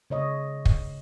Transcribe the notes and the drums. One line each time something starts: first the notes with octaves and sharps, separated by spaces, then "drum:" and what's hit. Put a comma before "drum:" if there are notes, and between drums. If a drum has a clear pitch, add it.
C#3 C#5 D#5
drum: kick